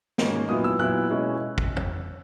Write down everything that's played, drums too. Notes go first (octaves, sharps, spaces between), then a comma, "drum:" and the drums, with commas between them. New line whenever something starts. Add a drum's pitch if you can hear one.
G#2 D#3 A#3 C#4, drum: snare
A#2 F#3 B3 E4 D#6
E6
A#2 F#3 B3 E4 F#6
B2 G#3 C#4 E4
drum: kick
drum: tom